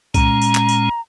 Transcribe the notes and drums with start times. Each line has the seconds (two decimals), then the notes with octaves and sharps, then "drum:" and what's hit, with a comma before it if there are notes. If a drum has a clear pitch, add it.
0.14 A#2 G#3 C#4 A#5, drum: kick C2, tambourine
0.42 drum: tambourine
0.55 drum: clap
0.69 drum: tambourine